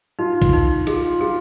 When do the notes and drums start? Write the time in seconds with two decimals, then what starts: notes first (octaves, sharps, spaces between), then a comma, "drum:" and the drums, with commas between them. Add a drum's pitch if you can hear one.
0.19 D#4 F4
0.42 drum: kick A#1, cymbal
0.53 D#4
0.87 F4 G#4, drum: cymbal
1.21 F4 G#4